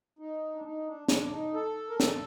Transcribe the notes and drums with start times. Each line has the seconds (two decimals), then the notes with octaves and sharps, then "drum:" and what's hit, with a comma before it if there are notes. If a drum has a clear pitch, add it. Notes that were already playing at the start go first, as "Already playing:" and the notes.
0.19 D#4
0.55 D4
0.64 D#4
0.86 D4
1.08 D4, drum: snare
1.32 D#4
1.54 A4
1.90 A#4
2.00 A4, drum: snare